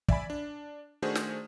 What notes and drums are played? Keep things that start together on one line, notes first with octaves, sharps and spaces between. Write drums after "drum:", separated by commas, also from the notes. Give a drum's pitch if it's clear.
D5 E5 G#5 B5, drum: kick
D4
D#3 A3 D4 F#4 G#4 C5
drum: snare